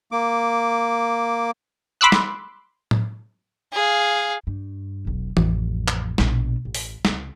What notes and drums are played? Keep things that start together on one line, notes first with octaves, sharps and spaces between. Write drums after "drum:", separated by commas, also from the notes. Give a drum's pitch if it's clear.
A#3 D6
B5 C6 D6 E6 F#6
drum: snare
drum: tom A2
G#4 F5
G2
E1 B1
A1 F2, drum: tom E3
drum: clap
A#1 B2, drum: snare
A1
drum: open hi-hat
C#2 C3, drum: snare